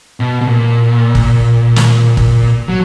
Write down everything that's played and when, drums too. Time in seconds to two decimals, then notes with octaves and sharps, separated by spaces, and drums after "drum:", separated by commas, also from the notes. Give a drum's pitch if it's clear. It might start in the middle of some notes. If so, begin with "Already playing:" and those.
0.20 B2
0.41 B2
0.47 A#2
1.15 drum: kick
1.76 drum: snare
2.17 drum: kick
2.68 F#3